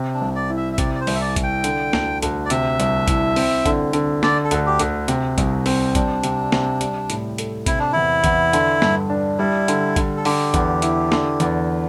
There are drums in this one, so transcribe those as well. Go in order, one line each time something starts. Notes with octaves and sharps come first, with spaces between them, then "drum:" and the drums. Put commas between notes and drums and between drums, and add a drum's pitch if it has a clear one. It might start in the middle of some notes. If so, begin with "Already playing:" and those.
Already playing: C3
D4
C2
D5
E4
E5
E5
C3 D5, drum: kick, hi-hat
D5
C5
C2, drum: open hi-hat
E5
D5
E4, drum: kick, hi-hat
G5
D3, drum: hi-hat
D2, drum: snare
D2, drum: hi-hat
D5
C3 E5, drum: hi-hat
C2, drum: hi-hat
E4, drum: kick, hi-hat
C4, drum: open hi-hat
D3, drum: kick, hi-hat
D3, drum: hi-hat
D3 D5, drum: snare
A4
D2, drum: hi-hat
G4
D2, drum: hi-hat
C3, drum: hi-hat
C2, drum: kick, hi-hat
C4, drum: open hi-hat
G3 D4, drum: kick, hi-hat
C3, drum: hi-hat
C3, drum: snare
G3, drum: hi-hat
A2, drum: hi-hat
A4, drum: hi-hat
C3 E4, drum: kick, hi-hat
D4
E2 E4
E2, drum: kick, hi-hat
D3, drum: hi-hat
G2, drum: snare
D4
G3 E4
D3, drum: hi-hat
D3, drum: kick, hi-hat
A4
D3 G4, drum: open hi-hat
E2, drum: kick, hi-hat
E4, drum: hi-hat
D3, drum: snare
E2, drum: hi-hat